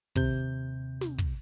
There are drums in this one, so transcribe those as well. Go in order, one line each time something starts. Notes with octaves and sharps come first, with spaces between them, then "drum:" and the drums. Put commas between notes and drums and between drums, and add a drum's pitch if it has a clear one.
D#2 C3 G6, drum: kick
drum: snare
drum: kick